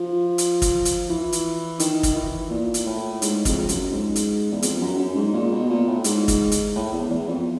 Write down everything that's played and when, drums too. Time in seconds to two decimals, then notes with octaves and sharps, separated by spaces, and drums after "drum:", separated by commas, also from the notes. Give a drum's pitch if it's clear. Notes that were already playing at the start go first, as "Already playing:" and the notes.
Already playing: F3
0.38 drum: hi-hat
0.62 drum: kick, hi-hat
0.85 drum: hi-hat
1.09 E3
1.32 drum: hi-hat
1.80 D#3, drum: hi-hat
2.03 drum: kick, hi-hat
2.15 E3
2.50 A#2
2.74 drum: hi-hat
2.86 A2
3.22 G#2, drum: hi-hat
3.45 F2, drum: kick, hi-hat
3.69 F#2, drum: hi-hat
3.91 G#2
4.16 drum: hi-hat
4.52 E2
4.62 F2, drum: hi-hat
4.81 F#2
4.99 F#2
5.15 G#2
5.33 A#2
5.52 B2
5.70 A#2
5.87 A2
6.04 G#2, drum: hi-hat
6.28 drum: kick, hi-hat
6.52 drum: hi-hat
6.75 A2
6.92 E2
7.10 E2
7.28 F2